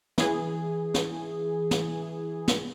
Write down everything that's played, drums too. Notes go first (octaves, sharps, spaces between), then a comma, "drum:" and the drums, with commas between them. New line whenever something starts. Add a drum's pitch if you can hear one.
E3 G#4, drum: snare
drum: snare
drum: snare
drum: snare